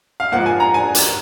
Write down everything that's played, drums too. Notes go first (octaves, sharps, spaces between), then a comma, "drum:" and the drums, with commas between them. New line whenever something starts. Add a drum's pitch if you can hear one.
F5
G#2 F3 A#3 F#5
G#5
A#5
G#5
drum: hi-hat